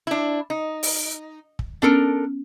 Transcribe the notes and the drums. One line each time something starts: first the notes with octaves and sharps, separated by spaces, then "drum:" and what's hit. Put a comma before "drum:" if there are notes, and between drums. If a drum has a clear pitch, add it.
D4 E4
D#4
drum: open hi-hat
drum: kick
B3 C#4 D4 A4 A#4